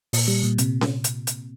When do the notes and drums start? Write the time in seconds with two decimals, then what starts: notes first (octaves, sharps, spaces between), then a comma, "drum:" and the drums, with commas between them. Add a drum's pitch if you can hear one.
0.13 A#2, drum: open hi-hat
0.28 G3
0.43 A#2
0.58 C3, drum: hi-hat
0.81 drum: snare C#4
1.04 drum: hi-hat
1.27 drum: hi-hat